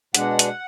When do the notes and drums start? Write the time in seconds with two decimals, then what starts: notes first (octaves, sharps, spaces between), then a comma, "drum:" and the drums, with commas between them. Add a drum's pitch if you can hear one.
0.14 B2 G#3 D4 F#5, drum: hi-hat
0.39 drum: hi-hat